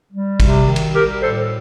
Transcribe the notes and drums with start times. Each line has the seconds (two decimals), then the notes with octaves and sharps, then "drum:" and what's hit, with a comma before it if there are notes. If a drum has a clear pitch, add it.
0.12 G3
0.40 C3, drum: kick, cymbal
0.67 D#3
0.76 drum: cymbal
0.94 G3 G4 A#4
1.22 A2 A4 C5